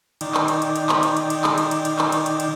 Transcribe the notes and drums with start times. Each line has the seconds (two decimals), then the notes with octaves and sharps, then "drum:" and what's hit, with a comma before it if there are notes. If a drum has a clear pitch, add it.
0.21 D#3 D#4 D5 G5, drum: cymbal
0.35 drum: clap
0.48 drum: cymbal
0.62 drum: cymbal
0.76 drum: cymbal
0.89 drum: clap
1.03 drum: cymbal
1.17 drum: cymbal
1.30 drum: cymbal
1.44 drum: clap
1.58 drum: cymbal
1.71 drum: cymbal
1.85 drum: cymbal
1.99 drum: clap
2.12 drum: cymbal
2.26 drum: cymbal
2.40 drum: cymbal